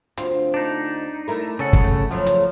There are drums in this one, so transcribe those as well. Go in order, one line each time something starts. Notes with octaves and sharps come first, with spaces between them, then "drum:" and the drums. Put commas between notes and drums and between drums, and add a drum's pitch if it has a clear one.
D2 C4 F4, drum: hi-hat
D4 D#4
A3 E4 A#4
C#3 C#4 A4 F#5
drum: kick
A3
C#3 F3 F#3 A3
drum: hi-hat